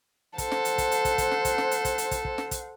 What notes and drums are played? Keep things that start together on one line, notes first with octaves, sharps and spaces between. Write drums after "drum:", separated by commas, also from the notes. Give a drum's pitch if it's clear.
A4 C5 F#5, drum: kick, hi-hat
drum: snare
drum: hi-hat
drum: kick, hi-hat
drum: hi-hat
drum: kick, hi-hat
drum: kick, hi-hat
drum: snare
drum: kick, hi-hat
drum: snare
drum: hi-hat
drum: kick, hi-hat
drum: hi-hat
drum: kick, hi-hat
drum: kick
drum: snare
drum: kick, hi-hat